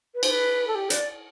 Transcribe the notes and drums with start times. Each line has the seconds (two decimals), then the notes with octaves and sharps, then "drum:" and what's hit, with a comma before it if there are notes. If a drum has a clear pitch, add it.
0.15 B4
0.23 C5, drum: cymbal
0.30 B4
0.67 A4
0.75 G4
0.90 D5, drum: hi-hat